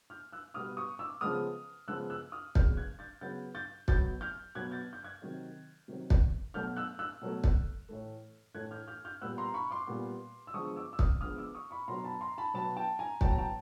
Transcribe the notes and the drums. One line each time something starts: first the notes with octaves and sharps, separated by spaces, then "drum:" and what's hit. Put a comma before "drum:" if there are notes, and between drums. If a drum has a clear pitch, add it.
F6 G6
E6 F#6
B2 G3 B3 D#6 F6
C#6 D#6
D6 E6
C#3 F3 G#3 B3 D#6 F6
C#3 F3 G#3 B3 E6 F#6
E6 F#6
D#6 F6
C#3 F#3 B3 F6 G6, drum: kick
F#6 G#6
G6 A6
C#3 F#3 B3 G6 A6
G6 A6
B2 F#3 B3 G6 A6, drum: kick
F6 G6
B2 F#3 B3 F#6 G#6
G6 A6
G6
F#6 G#6
C3 D#3 F#3
C3 D#3 F#3
drum: kick
B2 F#3 A3 F6 G6
E6 F#6
E6 F#6
B2 F#3 A3
drum: kick
A2 E3 A3
A2 E3 A3 F#6 G#6
F6 G6
F6 G6
F6 G6
A#2 G3 B3 E6 F#6
A#5 C6
B5 C#6
C6 D6
A#2 G3 B3
E6
D3 F3 G#3 B3 C#6 D#6
D6 E6
E6
D#6 F6, drum: kick
D3 F3 G#3 B3 D#6 F6
D6 E6
C#6 D#6
B5 C#6
B2 F#3 B3 A#5 C6
A5 B5
A#5 C6
A5 B5
B2 F#3 B3 A5 B5
G5 A5
G#5 A#5
A2 F#3 B3 G5 A5, drum: kick
A#5
G5 A5